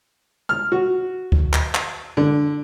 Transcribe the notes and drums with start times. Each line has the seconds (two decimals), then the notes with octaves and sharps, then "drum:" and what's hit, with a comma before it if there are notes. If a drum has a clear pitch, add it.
0.49 F6
0.72 F#4
1.32 drum: kick D2
1.53 drum: clap
1.75 drum: clap
2.17 D3